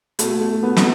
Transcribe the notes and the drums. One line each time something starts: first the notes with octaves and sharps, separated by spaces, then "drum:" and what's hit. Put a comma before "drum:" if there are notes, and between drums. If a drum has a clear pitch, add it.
B2 A3, drum: hi-hat
A3
B3
drum: snare